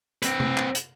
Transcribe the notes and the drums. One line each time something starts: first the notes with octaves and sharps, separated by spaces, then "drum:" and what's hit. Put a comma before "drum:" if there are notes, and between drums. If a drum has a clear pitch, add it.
C4 B4, drum: hi-hat
drum: tom C3
drum: clap
drum: hi-hat